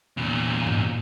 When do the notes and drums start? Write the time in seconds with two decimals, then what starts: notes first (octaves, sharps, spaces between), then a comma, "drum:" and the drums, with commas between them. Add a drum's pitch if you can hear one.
0.17 E2 A#2
0.67 drum: tom G2